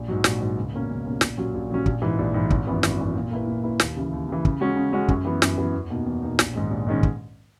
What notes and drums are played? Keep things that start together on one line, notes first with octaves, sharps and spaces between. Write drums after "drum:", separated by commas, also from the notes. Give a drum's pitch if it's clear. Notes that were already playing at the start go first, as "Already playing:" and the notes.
Already playing: A#1
G#2 F#3
A#1, drum: snare
G#2 F#3
C#2
B2 A#3 C#4
C#2
B2 A#3 C#4
A#1, drum: snare
A#2 F#3 C#4
A#1
A#2 F#3 C#4
A#1, drum: kick
G#2 E3
A#1
G#2 E3
G#1, drum: kick
F#2 E3 B3
G#1, drum: snare
F#2 E3 B3
A#2
A#3 E4 B4
A#2
A#3 E4 B4
D#2, drum: snare
C#3 E3
D#2
C#3 E3
C#3, drum: kick
G#3 C#4 F#4
C#3
G#3 C#4 F#4
F#2, drum: kick
E3 B3
F#2, drum: snare
E3 B3
E2
B2 A#3 D#4
E2
B2 A#3 D#4
A#1, drum: snare
G#2 D#3 G#3 C#4
A#1
G#2 D#3 G#3 C#4
drum: kick